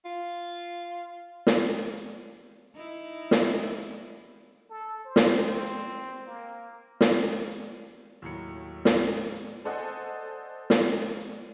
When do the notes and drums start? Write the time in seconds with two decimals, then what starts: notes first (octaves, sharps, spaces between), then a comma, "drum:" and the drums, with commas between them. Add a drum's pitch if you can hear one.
0.05 F4
1.47 drum: snare
2.75 D#4 E4
3.31 drum: snare
4.70 A4
5.05 C5
5.16 drum: snare
5.49 C4
6.26 A#3
7.01 drum: snare
8.22 D#2 A2 F#3 C#7
8.85 drum: snare
9.65 A4 C5 D5 D#5 F#5 G#5
10.70 drum: snare